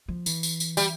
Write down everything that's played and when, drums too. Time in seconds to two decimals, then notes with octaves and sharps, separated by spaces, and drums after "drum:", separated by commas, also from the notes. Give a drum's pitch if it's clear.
0.08 F3
0.26 E3, drum: tambourine
0.43 drum: tambourine
0.60 drum: tambourine
0.77 G3, drum: tambourine